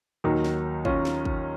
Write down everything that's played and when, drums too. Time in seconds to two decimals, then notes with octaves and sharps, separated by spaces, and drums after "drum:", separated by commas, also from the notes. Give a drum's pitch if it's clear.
0.24 D#2 D#3 F#3 D#4
0.44 drum: snare
0.85 C#4 F4, drum: kick
1.05 drum: snare
1.25 drum: kick